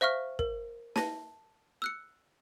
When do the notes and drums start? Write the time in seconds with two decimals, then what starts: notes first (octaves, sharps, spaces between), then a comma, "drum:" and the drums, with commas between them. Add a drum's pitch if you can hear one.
0.01 C5 E5 F5 C#6 F6
0.39 A#4, drum: kick
0.96 A5 A#6, drum: snare
1.82 E6 F#6 C#7